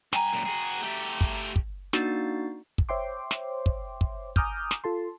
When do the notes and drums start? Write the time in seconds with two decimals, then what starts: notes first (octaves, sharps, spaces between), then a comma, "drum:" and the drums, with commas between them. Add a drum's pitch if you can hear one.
0.13 G2 G5 G#5 A#5, drum: snare
0.32 F#2 A#2
0.45 F#4 G#4
0.82 A3 G4
1.21 drum: kick
1.56 drum: kick
1.93 A#3 D4 D#4 F#4 A6 C7, drum: snare
2.78 drum: kick
2.89 C5 C#5 E5 G5 C6 D6
3.31 drum: snare
3.66 drum: kick
4.01 drum: kick
4.36 G#5 A#5 D6 D#6 F6 G6, drum: kick
4.71 drum: snare
4.84 F4 A4 A5 C6